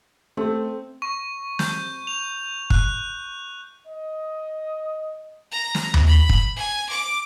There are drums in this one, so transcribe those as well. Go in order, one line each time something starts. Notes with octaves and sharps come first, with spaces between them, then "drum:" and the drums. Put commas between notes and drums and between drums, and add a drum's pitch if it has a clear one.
A3 C4
C#6
G6, drum: snare
F7
F#6, drum: kick
D#5
A#5
drum: snare
drum: tom D#2
B5
drum: kick
G#5
D6